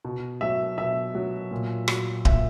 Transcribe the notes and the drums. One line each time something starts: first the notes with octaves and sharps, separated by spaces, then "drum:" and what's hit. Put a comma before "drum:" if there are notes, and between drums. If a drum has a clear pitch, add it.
B2
F#3 E5
B2 E5
F#3
A#2
F#3, drum: rim click
A#2 E5, drum: kick D1